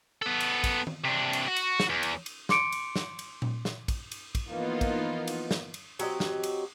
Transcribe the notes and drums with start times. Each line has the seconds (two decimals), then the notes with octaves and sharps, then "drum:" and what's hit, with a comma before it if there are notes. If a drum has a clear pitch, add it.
0.22 B3 A4
0.40 drum: cymbal
0.64 drum: kick, cymbal
0.87 drum: tom D#3
1.04 C3 D4
1.33 drum: cymbal
1.47 F#4
1.56 drum: cymbal
1.80 drum: snare
1.90 E2
2.03 drum: cymbal
2.26 drum: cymbal
2.49 C6 D6 C#7 D7, drum: snare
2.72 drum: cymbal
2.96 drum: snare
3.19 drum: cymbal
3.42 drum: tom A#2
3.65 drum: snare
3.88 drum: kick, cymbal
4.11 drum: cymbal
4.35 drum: kick, cymbal
4.51 E3 F3 A#3 B3 D#4 F4
4.81 drum: kick, cymbal
5.27 drum: cymbal
5.51 drum: snare
5.74 drum: cymbal
5.99 F#3 C4 G4 D#5, drum: cymbal
6.20 drum: snare
6.43 drum: cymbal